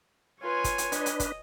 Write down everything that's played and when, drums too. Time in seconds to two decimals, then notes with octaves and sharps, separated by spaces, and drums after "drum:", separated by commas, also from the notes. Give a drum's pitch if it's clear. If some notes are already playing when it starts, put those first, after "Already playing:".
0.42 F4 B4 C#5 G#5
0.64 drum: kick, hi-hat
0.78 drum: hi-hat
0.92 D4 B4 D#5, drum: hi-hat
1.06 drum: hi-hat
1.20 drum: kick, hi-hat